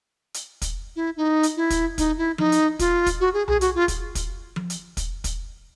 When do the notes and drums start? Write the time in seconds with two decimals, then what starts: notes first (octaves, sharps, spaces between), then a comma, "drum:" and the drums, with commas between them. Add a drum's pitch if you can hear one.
0.34 drum: hi-hat
0.62 drum: kick, hi-hat
0.96 E4
1.17 D#4
1.43 drum: hi-hat
1.57 E4
1.70 drum: kick, hi-hat
1.98 D#4, drum: kick, hi-hat
2.17 E4
2.38 D#4, drum: tom F3
2.52 drum: hi-hat
2.79 F4, drum: kick, hi-hat
3.06 drum: kick, hi-hat
3.20 F#4
3.34 G#4
3.48 G#4, drum: tom B1
3.61 F#4, drum: hi-hat
3.75 F4
3.88 drum: kick, hi-hat
4.15 drum: kick, hi-hat
4.56 drum: tom F3
4.70 drum: hi-hat
4.97 drum: kick, hi-hat
5.24 drum: kick, hi-hat